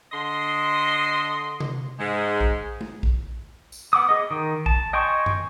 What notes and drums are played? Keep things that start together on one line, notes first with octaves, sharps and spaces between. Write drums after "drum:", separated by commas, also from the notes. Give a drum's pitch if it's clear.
D3 D#5 C6
drum: tom C3
G#2 G#3
drum: kick A#1
drum: tom G#3
drum: kick A#1
drum: tambourine
B3 F#5 D6 D#6
G#4 D#5 D#6
D#3
A5, drum: kick A#1
D#5 G5 G#5 C6 C#6
drum: tom F#2